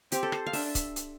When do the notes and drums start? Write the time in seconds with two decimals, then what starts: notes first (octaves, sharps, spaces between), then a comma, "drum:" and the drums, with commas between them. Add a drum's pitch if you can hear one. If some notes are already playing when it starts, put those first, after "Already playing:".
0.12 C4 G4, drum: hi-hat
0.23 A4
0.32 C5, drum: rim click
0.46 F5
0.53 D4 E5, drum: open hi-hat
0.75 drum: kick, hi-hat
0.96 drum: hi-hat